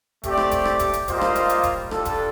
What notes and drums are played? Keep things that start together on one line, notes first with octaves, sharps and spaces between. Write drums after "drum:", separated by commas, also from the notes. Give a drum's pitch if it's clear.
A3 C4 G4 D5, drum: kick D1, hi-hat
drum: rim click
drum: kick D1, hi-hat
drum: rim click
drum: kick D1, hi-hat
drum: hi-hat
G3 A#3 F4 C5 D#5, drum: kick D1, hi-hat
drum: rim click
drum: hi-hat
drum: hi-hat
drum: kick D1, hi-hat
G3 D4 F4 A4, drum: rim click
drum: kick D1, hi-hat